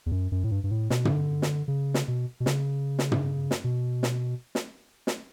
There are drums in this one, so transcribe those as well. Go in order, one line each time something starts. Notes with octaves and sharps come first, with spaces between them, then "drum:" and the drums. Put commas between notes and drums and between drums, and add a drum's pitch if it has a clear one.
E2
F#2
F#2
A2
G2
G2
A2
B2, drum: snare
C#3, drum: tom
D3
drum: snare
C#3
drum: snare
B2
B2
C#3, drum: snare
drum: snare
drum: tom
drum: snare
B2
drum: snare
drum: snare
drum: snare